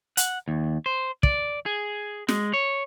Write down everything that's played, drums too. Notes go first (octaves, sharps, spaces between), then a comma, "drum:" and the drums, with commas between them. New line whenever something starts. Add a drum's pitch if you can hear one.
F#5, drum: hi-hat
D#2
C5
D5, drum: kick
G#4
G#3, drum: snare
C#5